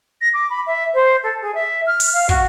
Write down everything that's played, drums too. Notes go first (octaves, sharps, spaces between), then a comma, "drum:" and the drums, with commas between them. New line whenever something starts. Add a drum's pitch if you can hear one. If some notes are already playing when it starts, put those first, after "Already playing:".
A#6
D6
B5
E5
C5
A4
G#4
E5
F6
drum: open hi-hat
F5
F#4, drum: kick